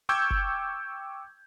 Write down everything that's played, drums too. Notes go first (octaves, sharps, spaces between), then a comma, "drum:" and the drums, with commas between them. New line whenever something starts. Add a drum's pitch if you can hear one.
G5 C#6 D6 E6 G6 G#6
drum: kick